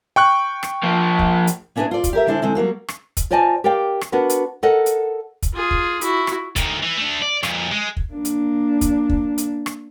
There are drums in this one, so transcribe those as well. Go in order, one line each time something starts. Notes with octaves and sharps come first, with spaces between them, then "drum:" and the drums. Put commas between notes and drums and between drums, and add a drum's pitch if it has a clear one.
G5 C#6 F#6
drum: rim click
F3 A#3
drum: kick
drum: hi-hat
A#3 C#4 D4 E4 G#4 B4
F4 D5
drum: kick, hi-hat
G4 A#4 E5
D3 G#3 D4 E4 C5
D3 G#3 C4 E4
F#3 G3 A#3 F#4
drum: rim click
drum: kick, hi-hat
F4 C5 D5 D#5 G#5 A5
G4 A#4 D5 F5 G5
drum: rim click
B3 D4 F#4 A#4
drum: hi-hat
A4 A#4 D#5 F#5
drum: hi-hat
drum: kick, hi-hat
F4 G#4
drum: kick
E4 F#4, drum: hi-hat
drum: rim click
D2 D#3, drum: kick, hi-hat
E3
A3 D4
D5
F2 A#2, drum: rim click
G#3
drum: kick
A#3 D4
drum: hi-hat
drum: kick, hi-hat
drum: kick
drum: hi-hat
drum: rim click